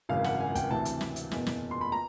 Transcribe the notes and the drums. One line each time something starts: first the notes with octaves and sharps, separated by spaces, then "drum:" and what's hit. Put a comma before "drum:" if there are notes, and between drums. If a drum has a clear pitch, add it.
G#1 F#2 C#3 E3 F5
F#5, drum: snare
G#5
G5, drum: kick, hi-hat
D2 C3 E3 A5
drum: hi-hat
drum: snare
drum: hi-hat
F#1 E2 B2, drum: snare
drum: snare
C6
B5
A#5